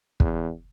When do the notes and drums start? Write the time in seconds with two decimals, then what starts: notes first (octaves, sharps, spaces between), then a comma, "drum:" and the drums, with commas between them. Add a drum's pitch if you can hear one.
0.20 E2, drum: kick